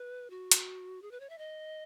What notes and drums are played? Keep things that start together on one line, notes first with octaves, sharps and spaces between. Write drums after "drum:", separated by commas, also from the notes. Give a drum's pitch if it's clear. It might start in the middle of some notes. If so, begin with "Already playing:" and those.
Already playing: B4
F#4
drum: hi-hat
G#4
B4
C#5
E5
D#5